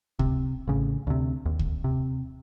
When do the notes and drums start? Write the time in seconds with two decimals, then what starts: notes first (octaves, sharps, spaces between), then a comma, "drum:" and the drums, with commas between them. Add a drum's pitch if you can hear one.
0.19 C3, drum: kick C#2
0.67 A1 C#3
1.07 D2 C3
1.45 D#2
1.59 drum: kick C#2
1.84 C3